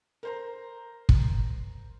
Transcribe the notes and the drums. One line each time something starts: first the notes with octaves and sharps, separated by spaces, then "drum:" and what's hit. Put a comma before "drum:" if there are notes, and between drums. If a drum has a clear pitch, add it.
A#4 C5 A#5
drum: kick